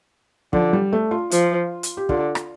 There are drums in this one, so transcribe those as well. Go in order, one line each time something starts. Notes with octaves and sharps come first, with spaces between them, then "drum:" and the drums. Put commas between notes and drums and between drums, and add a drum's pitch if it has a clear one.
D3 F3, drum: kick
G3
A3
F4
F3, drum: hi-hat
drum: hi-hat
G4
D3 F4, drum: kick
drum: rim click